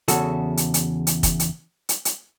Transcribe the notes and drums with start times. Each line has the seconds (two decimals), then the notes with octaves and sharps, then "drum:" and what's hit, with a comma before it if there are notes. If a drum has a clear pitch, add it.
0.08 E2 C#3 F#4 A4, drum: hi-hat
0.57 drum: hi-hat
0.74 drum: hi-hat
1.07 drum: hi-hat
1.23 drum: kick, hi-hat
1.40 drum: hi-hat
1.89 drum: hi-hat
2.05 drum: hi-hat